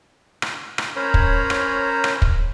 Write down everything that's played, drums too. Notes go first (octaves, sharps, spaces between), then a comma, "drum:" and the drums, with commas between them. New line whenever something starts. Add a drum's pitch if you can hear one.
drum: rim click
drum: rim click
C#4 A#4 C5 C#5 A#5 B5
drum: kick
drum: rim click
drum: rim click
drum: kick